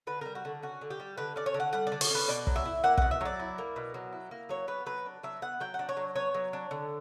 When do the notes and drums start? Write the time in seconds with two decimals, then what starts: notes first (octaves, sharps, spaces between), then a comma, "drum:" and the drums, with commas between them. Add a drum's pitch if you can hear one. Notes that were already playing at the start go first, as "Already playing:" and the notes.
0.07 D3 B4
0.21 G3 A#4
0.35 F#4
0.45 D3
0.63 C#4 F#4
0.81 D3
0.90 G4
1.00 G3
1.18 D3 B4
1.36 C#4 D5
1.46 C#5
1.54 D3
1.60 F#5
1.73 G3 F#5
1.87 D5
1.92 D3
2.01 C#5, drum: open hi-hat
2.10 C#4 B4
2.28 B2 D5
2.47 F#3, drum: kick
2.56 E5
2.65 E4
2.84 A#3 F#5
2.98 B2 F#5, drum: kick
3.11 E5
3.21 F#3 D5
3.40 E4
3.58 A#3
3.76 B2
3.94 F#3
4.13 E4
4.31 A#3
4.49 F#3 C#5
4.68 B3 B4
4.86 F#3 B4
5.06 D4
5.23 F#3 E5
5.42 B3 F#5
5.60 F#3 G5
5.74 F#5
5.79 D4
5.89 C#5
5.97 F#3
6.16 B3 C#5
6.34 F#3
6.53 D4
6.71 D3